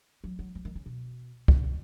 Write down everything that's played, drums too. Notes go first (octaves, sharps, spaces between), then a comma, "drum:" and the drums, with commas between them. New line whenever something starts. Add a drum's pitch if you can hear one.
F#3
F#3
F3
D#3
C#3
B2
B2, drum: kick
D#3